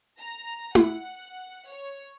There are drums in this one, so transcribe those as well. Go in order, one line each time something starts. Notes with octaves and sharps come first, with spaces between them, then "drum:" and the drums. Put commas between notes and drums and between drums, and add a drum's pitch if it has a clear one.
A#5
F#5, drum: tom E4
C#5